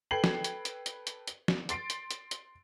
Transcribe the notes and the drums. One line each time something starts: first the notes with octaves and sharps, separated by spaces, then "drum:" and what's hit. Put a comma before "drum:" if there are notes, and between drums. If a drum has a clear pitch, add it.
A4 B4 G5 G#6 C7 F#7
drum: snare
drum: hi-hat
drum: hi-hat
drum: hi-hat
drum: hi-hat
drum: hi-hat
drum: snare
C6 A6 C7 D7, drum: hi-hat
drum: hi-hat
drum: hi-hat
drum: hi-hat